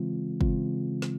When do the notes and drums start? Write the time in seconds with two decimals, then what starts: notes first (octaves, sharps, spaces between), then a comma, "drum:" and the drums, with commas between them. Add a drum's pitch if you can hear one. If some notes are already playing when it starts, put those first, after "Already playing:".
Already playing: C#3 E3 G#3 C4 F4
0.41 C#3 E3 G#3 C4 F4, drum: kick
1.02 drum: snare